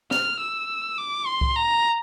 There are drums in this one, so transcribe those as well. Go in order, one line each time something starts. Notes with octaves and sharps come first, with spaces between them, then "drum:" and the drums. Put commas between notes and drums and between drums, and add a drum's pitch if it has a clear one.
F6, drum: snare C5
E6
D6
C6
drum: kick C2
A#5